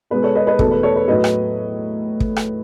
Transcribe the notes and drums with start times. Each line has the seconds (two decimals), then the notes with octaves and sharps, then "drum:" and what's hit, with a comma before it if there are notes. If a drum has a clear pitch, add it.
0.11 B2 G#3 B4
0.23 A4 C#5
0.35 B4 D#5
0.47 B4 D#5
0.59 E2 B2 A3 A4, drum: kick
0.71 B4
0.83 A4 C#5
0.96 B4
1.08 A2 F#3 A3 B4 D#5
1.24 drum: rim click
2.20 drum: kick
2.36 drum: rim click